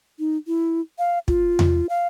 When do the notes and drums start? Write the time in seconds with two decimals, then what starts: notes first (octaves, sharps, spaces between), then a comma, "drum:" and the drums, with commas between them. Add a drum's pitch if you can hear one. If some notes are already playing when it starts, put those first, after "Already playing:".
0.19 D#4
0.47 E4
0.99 F5
1.28 F4, drum: kick
1.59 drum: tom E2
1.89 F5